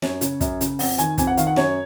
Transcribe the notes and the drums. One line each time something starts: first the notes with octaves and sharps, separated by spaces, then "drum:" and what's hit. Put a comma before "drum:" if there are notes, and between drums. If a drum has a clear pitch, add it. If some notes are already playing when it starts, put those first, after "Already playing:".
F#2 C#5, drum: snare
C#3, drum: hi-hat
F#2, drum: kick, hi-hat
C#3, drum: hi-hat
F2 F#5, drum: open hi-hat
D#3 G#5, drum: hi-hat
F2 G#5, drum: kick, hi-hat
F#5
D#3 F5, drum: hi-hat
F#5
F#2 C#5, drum: snare